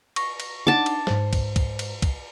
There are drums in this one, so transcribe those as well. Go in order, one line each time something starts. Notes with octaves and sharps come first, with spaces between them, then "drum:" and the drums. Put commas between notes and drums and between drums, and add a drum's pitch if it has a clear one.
C#6 A#6, drum: cymbal
drum: cymbal
D4 D#4 F#5 A5 D6
drum: cymbal
G#2 C5, drum: snare
drum: kick, cymbal
drum: kick, cymbal
drum: cymbal
drum: kick, cymbal